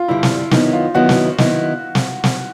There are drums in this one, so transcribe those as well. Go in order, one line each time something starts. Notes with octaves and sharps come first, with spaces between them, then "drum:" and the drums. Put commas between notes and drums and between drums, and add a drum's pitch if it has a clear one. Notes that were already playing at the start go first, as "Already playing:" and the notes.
Already playing: F4
G2 D3 G3 E4
drum: snare
F#2 D#3 F#3 B3 D#4 E4, drum: snare
F4
F#2 D#3 F#3 B3 E4 F#4
drum: snare
D#3 F#3 B3 E4, drum: snare
drum: snare
drum: snare